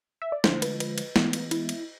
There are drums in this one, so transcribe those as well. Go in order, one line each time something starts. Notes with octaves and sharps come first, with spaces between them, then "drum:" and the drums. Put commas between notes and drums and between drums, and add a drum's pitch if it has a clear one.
E5
D5
D3 F3 G#3 C5, drum: snare
B4, drum: cymbal
B4, drum: cymbal
drum: cymbal
E3 G#3 B3, drum: snare
drum: cymbal
E4, drum: cymbal
drum: cymbal